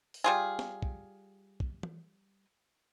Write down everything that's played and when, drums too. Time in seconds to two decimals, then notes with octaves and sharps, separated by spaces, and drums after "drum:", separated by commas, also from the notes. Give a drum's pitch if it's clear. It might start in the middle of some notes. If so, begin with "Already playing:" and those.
0.14 drum: open hi-hat
0.24 G3 F4 G#4
0.59 drum: snare
0.82 drum: kick
1.60 drum: kick
1.83 drum: tom